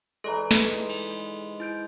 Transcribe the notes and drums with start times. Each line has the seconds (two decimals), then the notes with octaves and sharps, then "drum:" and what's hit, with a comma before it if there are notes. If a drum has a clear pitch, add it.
0.24 E3 G#3 A4 D5 A#5
0.51 G#2, drum: snare
0.89 drum: cymbal
1.60 E4 G6 D7